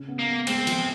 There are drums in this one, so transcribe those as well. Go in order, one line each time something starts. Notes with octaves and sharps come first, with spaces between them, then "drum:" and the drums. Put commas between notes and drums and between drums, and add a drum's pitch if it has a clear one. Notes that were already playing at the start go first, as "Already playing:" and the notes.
Already playing: C#3
B3
A#3
B3
G#3 C4, drum: cymbal
F3, drum: cymbal